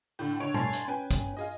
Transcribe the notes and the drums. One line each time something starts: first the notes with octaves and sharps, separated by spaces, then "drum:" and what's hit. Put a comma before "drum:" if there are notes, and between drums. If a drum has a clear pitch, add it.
A2 D3 G5
D3 C#5 D7
G#5 A5 C6, drum: tom B2
drum: hi-hat
C#4 B4 G5 G#5
drum: kick, hi-hat
F4 G#4 D#5